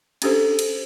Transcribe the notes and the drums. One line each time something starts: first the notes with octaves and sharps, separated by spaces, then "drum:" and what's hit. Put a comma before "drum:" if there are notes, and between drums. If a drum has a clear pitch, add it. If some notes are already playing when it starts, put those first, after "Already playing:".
C#4 D4 G4 A4 C5, drum: cymbal
drum: cymbal